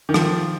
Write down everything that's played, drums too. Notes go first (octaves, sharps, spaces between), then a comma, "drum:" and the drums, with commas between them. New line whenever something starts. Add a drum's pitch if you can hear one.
D#3
F3, drum: rim click